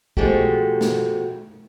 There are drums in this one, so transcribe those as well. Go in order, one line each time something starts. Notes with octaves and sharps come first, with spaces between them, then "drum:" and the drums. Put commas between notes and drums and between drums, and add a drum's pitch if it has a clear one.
B2 F3 G#3 A3 F#4 G4, drum: kick
drum: snare